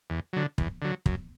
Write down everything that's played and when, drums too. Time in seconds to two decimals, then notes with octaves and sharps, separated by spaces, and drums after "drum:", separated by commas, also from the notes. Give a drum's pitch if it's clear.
0.10 E2
0.33 D3 F#3
0.58 E2, drum: kick
0.82 D3 F#3
1.06 F#2, drum: kick